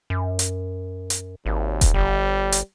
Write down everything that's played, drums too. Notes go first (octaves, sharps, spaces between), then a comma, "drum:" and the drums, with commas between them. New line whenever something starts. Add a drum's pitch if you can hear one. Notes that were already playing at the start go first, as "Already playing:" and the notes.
F#2
drum: hi-hat
drum: hi-hat
G#1 D#2
drum: kick E1, hi-hat
G1 G3
drum: hi-hat